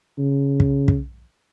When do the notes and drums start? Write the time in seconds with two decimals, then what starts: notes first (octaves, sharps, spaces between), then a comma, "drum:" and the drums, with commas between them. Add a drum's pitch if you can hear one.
0.18 C#3
0.60 drum: kick
0.88 drum: kick